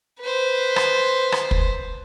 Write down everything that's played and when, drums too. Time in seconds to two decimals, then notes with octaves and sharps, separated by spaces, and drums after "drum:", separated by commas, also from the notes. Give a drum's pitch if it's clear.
0.20 B4 C5
0.76 drum: rim click
1.32 drum: rim click
1.51 drum: kick